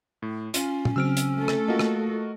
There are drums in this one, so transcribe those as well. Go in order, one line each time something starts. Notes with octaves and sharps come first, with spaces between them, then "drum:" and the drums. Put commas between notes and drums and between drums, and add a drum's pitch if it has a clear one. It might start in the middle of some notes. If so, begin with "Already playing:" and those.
A2
C#4 F4, drum: hi-hat
drum: tom
C#3 F#3 C4 E6 F6 D7
drum: hi-hat
A3 A4
drum: rim click
A#3 F4 F#4 A#4 D#5
drum: rim click